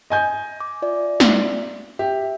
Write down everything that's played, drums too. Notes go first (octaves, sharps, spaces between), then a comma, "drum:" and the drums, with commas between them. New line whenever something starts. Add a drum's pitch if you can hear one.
D#5 G#5 G6
D6
F4 D5 E5
drum: snare
G4 E5